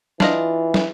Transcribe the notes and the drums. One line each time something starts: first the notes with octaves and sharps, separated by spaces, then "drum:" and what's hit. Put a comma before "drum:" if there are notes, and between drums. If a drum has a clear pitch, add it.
E3 D4 F4 D#5, drum: snare
drum: snare